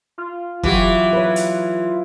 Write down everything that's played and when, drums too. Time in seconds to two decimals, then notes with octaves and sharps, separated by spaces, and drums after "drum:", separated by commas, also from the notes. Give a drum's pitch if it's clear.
0.18 F4
0.63 E3 F#3 F#4 G4, drum: kick
1.13 B4 C#5
1.36 drum: hi-hat